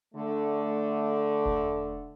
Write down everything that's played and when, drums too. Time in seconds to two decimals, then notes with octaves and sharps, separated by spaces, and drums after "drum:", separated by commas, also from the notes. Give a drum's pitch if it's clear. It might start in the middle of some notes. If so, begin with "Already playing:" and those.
0.15 D3 A3
1.45 drum: kick E1